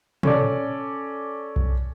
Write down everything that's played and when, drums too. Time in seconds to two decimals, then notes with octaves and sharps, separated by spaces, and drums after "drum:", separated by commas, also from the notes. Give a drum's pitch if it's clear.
0.23 C#4 A4 D5, drum: tom
1.56 drum: kick B1